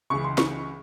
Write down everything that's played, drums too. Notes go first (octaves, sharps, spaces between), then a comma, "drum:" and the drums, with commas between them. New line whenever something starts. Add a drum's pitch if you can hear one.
C#2 C#3 E3 C#6
C6
C#6, drum: snare